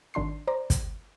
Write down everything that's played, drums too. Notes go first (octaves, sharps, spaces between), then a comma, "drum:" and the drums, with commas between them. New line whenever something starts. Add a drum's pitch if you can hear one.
G#1 D#3 D4 C6 C7
C5 D5 A#5
drum: kick, hi-hat